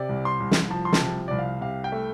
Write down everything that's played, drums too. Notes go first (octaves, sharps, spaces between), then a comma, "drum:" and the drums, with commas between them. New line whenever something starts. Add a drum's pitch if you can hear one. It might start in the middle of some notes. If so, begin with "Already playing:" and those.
Already playing: C3 D5
C2
C6
C2
drum: snare
F3 A5
C6
A5, drum: snare
C3
C2 D5
F5
C3 F5
G5
A3